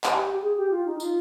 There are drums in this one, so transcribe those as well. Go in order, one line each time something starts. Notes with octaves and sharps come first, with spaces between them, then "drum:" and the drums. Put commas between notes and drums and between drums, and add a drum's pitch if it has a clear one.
drum: clap
G4
G#4
G4
F4
D#4
F4, drum: tambourine